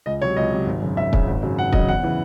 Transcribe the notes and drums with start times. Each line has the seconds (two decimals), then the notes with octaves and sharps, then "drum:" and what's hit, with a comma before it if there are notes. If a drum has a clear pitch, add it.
0.06 C#2 D#5
0.22 C3 F#3 C#5
0.36 C#2 D#5
0.51 C3 F#3
0.67 G#1
0.82 F#2 C#3
0.97 G#1 E5
1.13 F#2 C#3, drum: kick
1.27 G#1
1.43 F#2 C#3 F#3
1.58 G#1 F#5
1.73 F#2 C#3 F#3 D#5, drum: kick
1.88 E2 F#5
2.03 C#3 E3